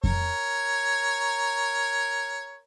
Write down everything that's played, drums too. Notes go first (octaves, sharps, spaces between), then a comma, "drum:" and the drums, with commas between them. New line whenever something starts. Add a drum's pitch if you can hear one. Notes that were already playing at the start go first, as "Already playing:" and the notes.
A#4 C#5, drum: kick F2